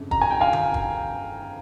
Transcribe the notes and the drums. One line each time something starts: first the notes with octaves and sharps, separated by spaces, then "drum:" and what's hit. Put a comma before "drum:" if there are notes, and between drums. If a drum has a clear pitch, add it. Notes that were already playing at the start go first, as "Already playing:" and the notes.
Already playing: G1 F2 C#3
A#5, drum: kick
G#5
G5
F5 G#5
drum: tom D3
drum: kick